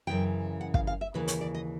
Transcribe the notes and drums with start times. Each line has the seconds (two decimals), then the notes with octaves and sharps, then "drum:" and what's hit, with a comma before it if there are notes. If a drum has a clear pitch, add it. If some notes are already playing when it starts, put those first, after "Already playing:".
0.07 F#2 C#3 E3 G5
0.61 F#5
0.74 F5, drum: kick
0.87 F5
1.01 E5
1.14 D#2 C#3 E3 B4
1.28 C#5, drum: hi-hat
1.41 D5
1.54 D#5